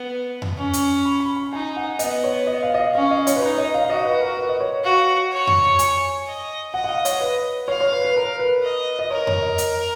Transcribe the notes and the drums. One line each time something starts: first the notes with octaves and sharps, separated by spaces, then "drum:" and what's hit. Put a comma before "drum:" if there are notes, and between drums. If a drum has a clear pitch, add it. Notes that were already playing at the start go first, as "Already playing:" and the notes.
Already playing: B3
drum: tom F2
C#4
drum: hi-hat
B5
B5
C#6
D#4 G#5
F#5
B3 D#5, drum: hi-hat
C#5
D#5
F5
D#5
F5
C#4 F5
D#5
C#5, drum: hi-hat
B4
D#4 C#5
D#5
F5
F5
F#4 D#5
B4
A#4
B4
D#5
C#5
F#4 F5
C#5
drum: tom F2
G#5, drum: hi-hat
D#5
D#5 F#5
F#5
F5
C#5, drum: hi-hat
B4
C#5 F5
C#5
B4
B4
A#4
B4
D#5
D#5
A#4 C#5
C#5, drum: tom F2
D#5
drum: hi-hat